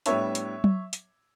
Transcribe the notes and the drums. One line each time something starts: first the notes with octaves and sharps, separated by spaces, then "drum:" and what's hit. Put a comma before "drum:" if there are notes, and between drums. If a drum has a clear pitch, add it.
A2 G3 B3 D4 C#5 E5, drum: hi-hat
drum: hi-hat
drum: tom F#3
drum: hi-hat